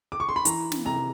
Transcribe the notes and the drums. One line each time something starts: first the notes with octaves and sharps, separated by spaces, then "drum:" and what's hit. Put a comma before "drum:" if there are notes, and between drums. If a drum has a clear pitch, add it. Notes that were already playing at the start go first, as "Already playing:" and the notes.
D6
C#6
C6
B5
E3 A#5, drum: hi-hat
drum: snare
C3 A#5